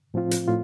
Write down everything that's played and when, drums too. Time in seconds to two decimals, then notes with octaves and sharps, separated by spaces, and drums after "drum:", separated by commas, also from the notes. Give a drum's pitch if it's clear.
0.14 A2 F3 C4 F4
0.31 drum: hi-hat
0.48 A2 F4